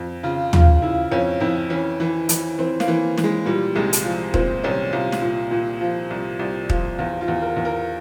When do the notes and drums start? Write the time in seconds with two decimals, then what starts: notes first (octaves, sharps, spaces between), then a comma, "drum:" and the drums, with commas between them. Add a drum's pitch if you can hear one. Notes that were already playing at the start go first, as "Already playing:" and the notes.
Already playing: F2
0.23 C#3 F4
0.53 C#3 F4, drum: tom
0.82 C#3 E4
1.11 F2 C#4
1.40 F2 E4
1.70 E3 C#4
2.00 E3
2.29 E3, drum: hi-hat
2.58 E3 C4
2.80 A#3, drum: snare
2.88 E3
3.18 E3, drum: snare
3.24 G#3
3.46 A#2 G3
3.75 C2 G#3
3.93 drum: hi-hat
4.04 F3
4.34 A#2 C4, drum: kick
4.64 C2 C#4
4.92 C2 F4
5.12 drum: snare
5.22 A#2
5.51 A#2
5.81 F3
6.10 C2
6.39 C2
6.70 F3, drum: kick
6.98 E2 F4
7.21 F4
7.28 E2
7.42 A#4
7.56 E2
7.65 A#4